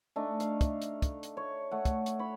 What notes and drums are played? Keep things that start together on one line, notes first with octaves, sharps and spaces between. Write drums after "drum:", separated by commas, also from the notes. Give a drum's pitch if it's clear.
A3 D4 D#4
F5, drum: hi-hat
drum: kick, hi-hat
drum: hi-hat
drum: kick, hi-hat
drum: hi-hat
C#5
A3 F#5
drum: kick, hi-hat
drum: hi-hat
C#5 B5